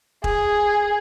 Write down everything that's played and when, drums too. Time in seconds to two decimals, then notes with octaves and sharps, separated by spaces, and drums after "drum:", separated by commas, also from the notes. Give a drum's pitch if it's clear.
0.24 G#4, drum: kick E1